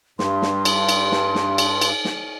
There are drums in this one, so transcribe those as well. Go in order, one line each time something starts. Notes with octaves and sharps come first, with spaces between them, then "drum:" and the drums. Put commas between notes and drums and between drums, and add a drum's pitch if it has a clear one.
G2 C6, drum: snare
drum: snare
drum: cymbal
drum: cymbal
drum: snare
drum: snare
drum: cymbal
drum: cymbal
drum: snare